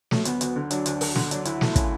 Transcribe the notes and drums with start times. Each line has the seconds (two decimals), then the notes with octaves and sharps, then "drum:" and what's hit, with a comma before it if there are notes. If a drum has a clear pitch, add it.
0.11 F#3 A3, drum: snare
0.25 D2 B3, drum: hi-hat
0.41 D2, drum: hi-hat
0.56 D3
0.71 F#3 D4, drum: hi-hat
0.86 D2, drum: hi-hat
1.01 D2, drum: open hi-hat
1.15 D3, drum: snare
1.31 F#3 D4, drum: hi-hat
1.45 D2 E4, drum: hi-hat
1.61 A3, drum: snare
1.76 C#3, drum: kick, hi-hat